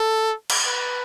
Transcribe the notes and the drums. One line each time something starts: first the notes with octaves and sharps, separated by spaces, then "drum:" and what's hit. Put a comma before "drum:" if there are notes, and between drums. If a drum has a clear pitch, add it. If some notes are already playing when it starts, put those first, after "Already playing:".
Already playing: A4
drum: cymbal
B4